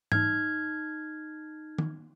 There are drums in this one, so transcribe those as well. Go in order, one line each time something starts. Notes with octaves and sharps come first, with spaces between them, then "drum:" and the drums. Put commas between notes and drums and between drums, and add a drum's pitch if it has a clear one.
D#4 F6 G#6, drum: tom G#2
drum: tom